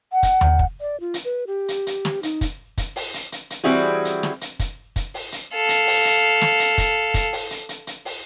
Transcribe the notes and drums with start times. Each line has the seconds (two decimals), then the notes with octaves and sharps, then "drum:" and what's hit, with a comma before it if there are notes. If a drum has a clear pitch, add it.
0.13 F#5
0.23 drum: kick, hi-hat
0.41 drum: tom D#2
0.59 drum: kick
0.81 D5
1.00 F4
1.14 drum: hi-hat
1.24 B4
1.47 G4
1.68 drum: hi-hat
1.87 drum: hi-hat
2.05 drum: snare
2.23 D#4, drum: hi-hat
2.41 drum: kick, hi-hat
2.78 drum: kick, hi-hat
2.96 drum: open hi-hat
3.14 drum: hi-hat
3.32 drum: hi-hat
3.50 drum: hi-hat
3.64 E3 G3 C4 E4 F#4 G#4
4.05 drum: hi-hat
4.23 drum: snare
4.41 drum: hi-hat
4.60 drum: kick, hi-hat
4.96 drum: kick, hi-hat
5.14 drum: open hi-hat
5.32 drum: hi-hat
5.54 A4 F5
5.69 drum: hi-hat
5.87 drum: open hi-hat
6.05 drum: hi-hat
6.41 drum: snare
6.60 drum: hi-hat
6.78 drum: kick, hi-hat
7.14 drum: kick, hi-hat
7.32 drum: open hi-hat
7.51 drum: hi-hat
7.69 drum: hi-hat
7.87 drum: hi-hat
8.05 drum: open hi-hat